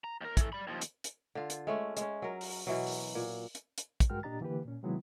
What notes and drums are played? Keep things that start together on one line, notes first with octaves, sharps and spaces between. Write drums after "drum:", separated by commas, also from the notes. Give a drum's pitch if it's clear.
A#5
D#2 A#4
E3 A4, drum: kick, hi-hat
D5 B5
D#2 F3
drum: hi-hat
drum: hi-hat
D3 F4
drum: hi-hat
G#3 A3 C#4
G#3 C#4, drum: hi-hat
F#3 A#4
drum: open hi-hat
B2 E3 F#3
drum: open hi-hat
A#2
drum: hi-hat
drum: hi-hat
drum: kick, hi-hat
G2 G#3 F#4 A#4 G5 F6
A#2 D4 G4 D#5 A#5 A6
D3 E3 A#3 G4 B4
A#2 C#4
C3 D#3 F#3 G#3 B3 E4